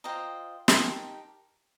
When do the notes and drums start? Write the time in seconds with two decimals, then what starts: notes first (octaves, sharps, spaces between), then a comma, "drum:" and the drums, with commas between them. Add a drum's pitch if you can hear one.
0.04 F4 C5 D#5 G5 A#5
0.68 D#4 G4 A#4 A5 C6, drum: snare